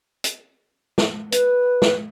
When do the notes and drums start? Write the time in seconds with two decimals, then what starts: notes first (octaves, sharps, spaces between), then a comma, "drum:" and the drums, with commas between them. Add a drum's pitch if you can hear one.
0.24 drum: hi-hat
0.98 drum: snare
1.32 B4, drum: hi-hat
1.82 drum: snare